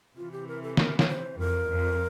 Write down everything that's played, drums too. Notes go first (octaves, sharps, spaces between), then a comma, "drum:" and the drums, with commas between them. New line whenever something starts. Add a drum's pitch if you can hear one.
C3 E3 F4
G4
A#4
A4
A#4, drum: snare
A#4, drum: snare
C5
F2 A#4
F2